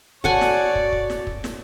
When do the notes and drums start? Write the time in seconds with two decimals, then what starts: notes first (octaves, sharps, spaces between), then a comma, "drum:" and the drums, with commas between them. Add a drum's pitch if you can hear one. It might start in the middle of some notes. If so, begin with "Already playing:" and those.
0.24 F#4 A4 C#5 D5 F#5 G#5, drum: kick
0.41 drum: snare
0.75 drum: kick
0.92 drum: kick
1.10 drum: snare
1.27 drum: kick
1.44 drum: snare